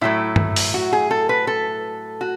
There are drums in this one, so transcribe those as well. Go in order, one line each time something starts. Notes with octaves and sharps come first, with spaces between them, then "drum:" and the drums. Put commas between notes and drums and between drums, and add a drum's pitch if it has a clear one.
A2 F#3 A3 E4
drum: tom G2
drum: open hi-hat
F#4
G#4
A4
B4
A4
F#4